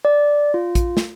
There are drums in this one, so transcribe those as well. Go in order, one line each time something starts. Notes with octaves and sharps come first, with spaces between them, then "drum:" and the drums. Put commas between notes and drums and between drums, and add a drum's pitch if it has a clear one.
D5
F4
drum: kick, hi-hat
drum: snare